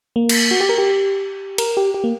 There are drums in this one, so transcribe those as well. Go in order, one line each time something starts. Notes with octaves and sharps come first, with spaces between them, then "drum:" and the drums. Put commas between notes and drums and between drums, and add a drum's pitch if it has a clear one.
A#3
drum: cymbal
F#4
G4
A#4
G4
A#4, drum: cymbal
G4
G4
A#3